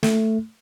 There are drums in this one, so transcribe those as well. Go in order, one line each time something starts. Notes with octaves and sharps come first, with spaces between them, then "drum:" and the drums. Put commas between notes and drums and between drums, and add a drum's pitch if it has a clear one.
A3, drum: snare